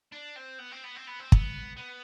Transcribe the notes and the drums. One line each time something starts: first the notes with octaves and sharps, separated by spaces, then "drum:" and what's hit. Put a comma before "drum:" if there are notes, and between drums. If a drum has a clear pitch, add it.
D4
C4
B3
C4
B3
C4
B3
C4
B3, drum: kick
B3